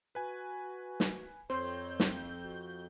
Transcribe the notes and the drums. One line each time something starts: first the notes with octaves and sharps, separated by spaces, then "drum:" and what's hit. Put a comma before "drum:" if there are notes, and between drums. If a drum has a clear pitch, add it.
F#4 B4 G#5
drum: snare
F2 C4 C5 C#5 G6
drum: snare
F#4